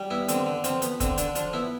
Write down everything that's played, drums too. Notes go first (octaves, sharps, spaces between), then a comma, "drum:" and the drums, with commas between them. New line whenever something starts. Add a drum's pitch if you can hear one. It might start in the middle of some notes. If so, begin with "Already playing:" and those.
Already playing: G3
B3 E4
D3 C4, drum: hi-hat
D3
F3 C4, drum: hi-hat
B3, drum: hi-hat
D3 C4, drum: kick, hi-hat
D3 D4, drum: hi-hat
F3 D4, drum: hi-hat
B3 E4